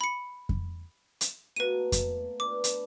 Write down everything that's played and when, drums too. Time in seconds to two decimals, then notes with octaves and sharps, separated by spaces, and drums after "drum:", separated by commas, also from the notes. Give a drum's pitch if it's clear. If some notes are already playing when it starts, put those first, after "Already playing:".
0.01 B5 C#7
0.49 drum: kick F2
1.21 drum: hi-hat
1.56 B2 A3 A#3 B4 D#7
1.92 drum: kick F2, hi-hat
2.40 D4 B4 D5 D6
2.64 drum: hi-hat